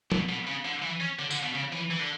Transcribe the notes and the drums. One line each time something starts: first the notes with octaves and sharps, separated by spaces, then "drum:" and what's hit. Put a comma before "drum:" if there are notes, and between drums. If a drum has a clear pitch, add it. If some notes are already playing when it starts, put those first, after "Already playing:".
B2, drum: tom
B2
C#3
D3
E3
C#4
D3
D3, drum: tambourine
B2
C#3
E3
E3
D3